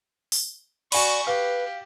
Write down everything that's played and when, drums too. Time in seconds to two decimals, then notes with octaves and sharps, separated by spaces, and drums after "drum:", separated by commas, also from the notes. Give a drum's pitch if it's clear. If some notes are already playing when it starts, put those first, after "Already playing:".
0.32 drum: open hi-hat
0.92 F#4 D5 G#5 B5 C#6, drum: cymbal
1.27 G4 B4 F5